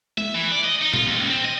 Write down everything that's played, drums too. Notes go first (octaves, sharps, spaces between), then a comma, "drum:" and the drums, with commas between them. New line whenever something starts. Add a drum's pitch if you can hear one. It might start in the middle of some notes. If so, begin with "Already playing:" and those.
E5, drum: tom G#3
E3
D5
D#5
D#4
F4, drum: tom A#2
D#2
C#2
C4
D#5